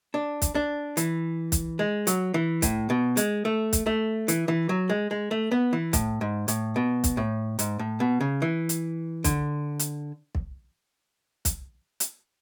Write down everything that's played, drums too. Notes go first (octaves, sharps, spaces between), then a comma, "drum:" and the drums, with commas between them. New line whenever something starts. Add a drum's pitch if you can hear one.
D4
drum: kick, hi-hat
D4
E3, drum: hi-hat
drum: kick, hi-hat
G#3
F#3, drum: hi-hat
E3
A2, drum: kick, hi-hat
B2
G#3, drum: hi-hat
A3
drum: kick, hi-hat
A3
E3, drum: hi-hat
E3
F#3
G#3
G#3
A3
B3
E3
A2, drum: kick, hi-hat
G#2
A2, drum: hi-hat
B2
drum: kick, hi-hat
A2
G#2, drum: hi-hat
A2
B2
C#3
E3
drum: hi-hat
D3, drum: kick, hi-hat
drum: hi-hat
drum: kick
drum: kick, hi-hat
drum: hi-hat